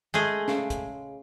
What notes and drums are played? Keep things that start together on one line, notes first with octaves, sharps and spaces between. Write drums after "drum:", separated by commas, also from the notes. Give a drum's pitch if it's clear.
G#3 A3 G#4
C#3, drum: snare
drum: kick, hi-hat